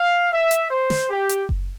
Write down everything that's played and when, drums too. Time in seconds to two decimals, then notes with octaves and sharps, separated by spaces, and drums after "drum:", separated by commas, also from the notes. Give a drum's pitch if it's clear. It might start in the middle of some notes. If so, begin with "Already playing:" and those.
Already playing: F5
0.31 E5
0.51 drum: hi-hat
0.71 C5
0.90 drum: snare
1.10 G4
1.29 drum: hi-hat
1.49 drum: kick F#1